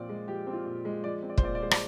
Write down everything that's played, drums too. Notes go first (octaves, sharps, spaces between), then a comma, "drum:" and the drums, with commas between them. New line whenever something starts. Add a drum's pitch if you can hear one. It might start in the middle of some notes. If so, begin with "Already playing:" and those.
Already playing: A#2 F3 C4 D5
G#3
F3 G4
C4
F4
A#2
G#3
F3 D5
C4
D5
C5, drum: kick
A#2 D5
D5
G#3 C5
D5, drum: rim click